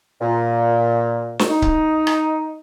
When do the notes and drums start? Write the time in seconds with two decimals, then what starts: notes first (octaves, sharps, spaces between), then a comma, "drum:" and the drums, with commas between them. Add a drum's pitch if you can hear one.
0.21 A#2
1.39 drum: snare
1.49 D#4
1.62 drum: kick C#1
2.07 drum: rim click